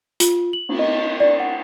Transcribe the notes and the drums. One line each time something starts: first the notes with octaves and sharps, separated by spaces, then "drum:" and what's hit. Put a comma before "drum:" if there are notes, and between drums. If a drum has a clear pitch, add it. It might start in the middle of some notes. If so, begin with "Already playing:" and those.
F4, drum: hi-hat
F#7
drum: cymbal
D#5
D5
F#5